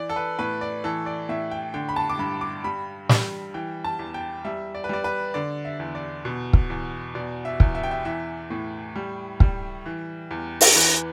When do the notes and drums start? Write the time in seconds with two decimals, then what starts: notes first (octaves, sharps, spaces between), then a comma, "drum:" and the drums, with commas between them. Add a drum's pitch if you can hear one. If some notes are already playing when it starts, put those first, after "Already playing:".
Already playing: E3 D5
0.09 A4
0.16 B4
0.39 A2 B4
0.61 D5
0.84 E3 A4
1.06 D5
1.29 A2 E5
1.51 G5
1.74 D3 G5
1.89 B5
1.96 A5
2.09 D6
2.19 G2 B5
2.41 D6
2.64 G3 B5
3.09 G3, drum: snare
3.54 E3 G5
3.84 A5
3.99 E2
4.14 G5
4.44 G3 E5
4.75 D5
4.84 B4
4.89 G3 D5
5.04 B4
5.34 D3 D5
5.65 E5
5.79 E2
5.95 D5
6.25 B2
6.53 drum: kick
6.70 E2
7.15 B2 D5
7.45 E5
7.60 E2, drum: kick
7.75 E5
7.83 G5
7.91 E5
8.05 E3 E5
8.50 A2
8.95 G3
9.40 G3, drum: kick
9.86 E3
10.31 E2
10.61 drum: open hi-hat
10.75 E3 B4